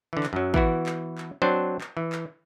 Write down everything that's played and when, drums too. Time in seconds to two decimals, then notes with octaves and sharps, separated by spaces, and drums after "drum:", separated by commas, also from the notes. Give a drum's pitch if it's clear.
0.13 D3 E3
0.23 drum: clap
0.33 F#2 F#3
0.54 E3 B3 E4 F#4, drum: kick
0.86 drum: clap
1.18 drum: clap
1.42 F#3 C4 D4 C5
1.81 drum: clap
1.97 E3
2.12 drum: clap